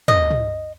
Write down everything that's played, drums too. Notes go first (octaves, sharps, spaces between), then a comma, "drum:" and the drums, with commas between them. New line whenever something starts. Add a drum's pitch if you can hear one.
D#5, drum: tom
drum: tom